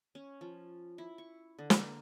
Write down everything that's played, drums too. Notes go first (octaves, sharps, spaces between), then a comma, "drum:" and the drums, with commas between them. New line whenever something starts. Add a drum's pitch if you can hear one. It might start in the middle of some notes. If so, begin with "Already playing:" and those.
C#4
F3
E4
C#6
D3
A#3, drum: snare